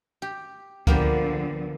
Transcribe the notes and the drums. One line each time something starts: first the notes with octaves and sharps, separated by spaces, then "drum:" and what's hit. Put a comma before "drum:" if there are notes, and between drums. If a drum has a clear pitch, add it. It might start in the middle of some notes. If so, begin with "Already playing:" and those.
G4
D3 F3 A#3 B3 G4, drum: kick C#2